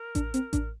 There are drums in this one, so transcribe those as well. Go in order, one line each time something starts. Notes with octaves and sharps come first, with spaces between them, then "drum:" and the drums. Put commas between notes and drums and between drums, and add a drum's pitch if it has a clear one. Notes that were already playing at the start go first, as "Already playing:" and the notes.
Already playing: A#4
D4, drum: kick A1, hi-hat
C4, drum: hi-hat
D4, drum: kick A1, hi-hat